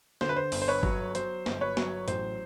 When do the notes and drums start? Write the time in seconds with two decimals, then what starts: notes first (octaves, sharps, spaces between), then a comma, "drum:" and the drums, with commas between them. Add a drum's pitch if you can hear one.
0.21 D3 C5, drum: snare
0.29 B4
0.36 C5
0.52 G1, drum: open hi-hat
0.62 C5
0.68 B4 C#5
0.83 F#3, drum: kick G1
1.15 F#3 C5, drum: hi-hat
1.46 G1, drum: snare
1.61 B4 C#5
1.77 F#3, drum: snare
2.08 A1 C5, drum: hi-hat